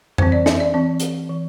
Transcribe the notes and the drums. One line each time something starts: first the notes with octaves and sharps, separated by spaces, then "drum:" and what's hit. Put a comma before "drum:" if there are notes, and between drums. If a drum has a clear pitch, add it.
E3 C4 C5, drum: tom F2
D5
E5, drum: snare
D5
E3 C4
drum: hi-hat
E3